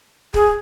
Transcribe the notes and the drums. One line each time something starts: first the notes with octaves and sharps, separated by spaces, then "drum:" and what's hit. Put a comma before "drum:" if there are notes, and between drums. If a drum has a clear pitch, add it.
G#4, drum: kick